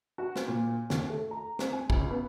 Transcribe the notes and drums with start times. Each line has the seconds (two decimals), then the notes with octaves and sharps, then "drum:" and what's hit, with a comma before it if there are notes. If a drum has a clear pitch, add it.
0.18 F#4
0.36 C5, drum: snare
0.48 A#2
0.90 D#2, drum: snare
1.10 A3
1.31 A#5
1.59 C4, drum: snare
1.73 G#5
1.90 C#2, drum: kick
2.11 B3